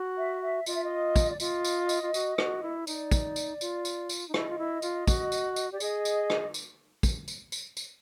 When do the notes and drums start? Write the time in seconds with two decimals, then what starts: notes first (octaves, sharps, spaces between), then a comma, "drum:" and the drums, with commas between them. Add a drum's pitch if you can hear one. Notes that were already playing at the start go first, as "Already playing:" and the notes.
Already playing: F#4
0.18 E5
0.42 E5
0.66 F4 D#5, drum: tambourine
0.75 E5
0.84 D#5
1.16 drum: kick, tambourine
1.30 D5
1.40 F4 D#5, drum: tambourine
1.65 drum: tambourine
1.89 drum: tambourine
2.03 F4
2.14 F#4, drum: tambourine
2.38 F#4, drum: rim click
2.63 E4
2.87 D#4 D5, drum: tambourine
3.11 drum: kick, tambourine
3.36 drum: tambourine
3.61 F4, drum: tambourine
3.85 drum: tambourine
4.09 drum: tambourine
4.29 D#4
4.34 E4 D#5, drum: rim click
4.49 F4
4.59 E4
4.82 F4, drum: tambourine
5.07 F#4, drum: kick, tambourine
5.32 drum: tambourine
5.56 drum: tambourine
5.71 G4 D5
5.80 G#4 D#5, drum: tambourine
6.05 drum: tambourine
6.30 drum: rim click
6.54 drum: tambourine
7.03 drum: kick, tambourine
7.28 drum: tambourine
7.52 drum: tambourine
7.77 drum: tambourine